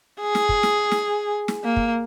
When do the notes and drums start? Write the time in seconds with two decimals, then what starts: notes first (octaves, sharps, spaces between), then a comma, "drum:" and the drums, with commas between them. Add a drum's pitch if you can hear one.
0.21 G#4
0.35 drum: snare
0.49 drum: kick
0.63 drum: snare
0.91 drum: snare
1.48 drum: snare
1.64 A#3
1.76 drum: kick